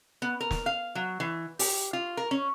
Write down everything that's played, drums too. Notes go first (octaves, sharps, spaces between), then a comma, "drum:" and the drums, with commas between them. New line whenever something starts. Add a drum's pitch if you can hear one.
B3
A#4
drum: snare
F5
F#3
E3
G4, drum: open hi-hat
F4
A#4
C#4